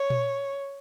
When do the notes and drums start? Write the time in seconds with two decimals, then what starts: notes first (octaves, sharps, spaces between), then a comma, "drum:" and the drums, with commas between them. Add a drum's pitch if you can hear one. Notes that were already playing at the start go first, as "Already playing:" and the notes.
Already playing: C#5
0.10 drum: tom A#2